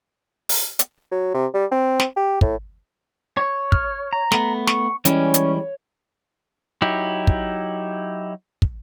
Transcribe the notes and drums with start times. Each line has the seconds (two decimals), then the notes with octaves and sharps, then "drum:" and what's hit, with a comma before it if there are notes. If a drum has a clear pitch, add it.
0.49 drum: open hi-hat
0.79 drum: hi-hat
1.11 F#3
1.34 C3
1.54 G3
1.72 C4
2.00 drum: snare
2.16 G4
2.41 A2, drum: kick
3.37 C#5
3.72 F6, drum: kick
4.13 A#5
4.32 A3 B3, drum: snare
4.67 C#6, drum: snare
5.05 E3 G3 G#3 C#4 C#5, drum: hi-hat
5.34 drum: hi-hat
6.82 F#3 D#4 E4 G4
7.27 drum: kick
8.62 drum: kick